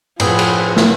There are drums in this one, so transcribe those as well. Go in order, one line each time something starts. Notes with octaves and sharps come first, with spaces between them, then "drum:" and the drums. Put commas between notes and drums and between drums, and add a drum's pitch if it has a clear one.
A2 F3 C4 G#4 B4 F#5, drum: cymbal
drum: cymbal
drum: snare